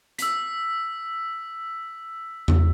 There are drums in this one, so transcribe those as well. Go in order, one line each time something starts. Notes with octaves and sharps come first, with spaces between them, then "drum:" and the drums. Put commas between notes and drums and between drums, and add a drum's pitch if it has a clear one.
E6 B6, drum: hi-hat
drum: tom E2